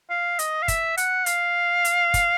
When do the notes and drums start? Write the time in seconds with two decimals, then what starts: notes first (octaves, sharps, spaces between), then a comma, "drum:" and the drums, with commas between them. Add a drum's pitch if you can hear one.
0.10 F5
0.39 D#5, drum: hi-hat
0.62 F5
0.68 E5, drum: kick, hi-hat
0.97 F#5, drum: hi-hat
1.26 F5, drum: hi-hat
1.85 drum: hi-hat
2.14 drum: kick, hi-hat